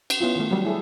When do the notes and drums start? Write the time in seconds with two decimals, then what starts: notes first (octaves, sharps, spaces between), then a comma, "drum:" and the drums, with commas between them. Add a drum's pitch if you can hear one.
0.10 drum: cymbal
0.20 B3 C#4 E4 F4
0.36 D#3 A3
0.51 F#3 G3
0.65 E4 G#4 A4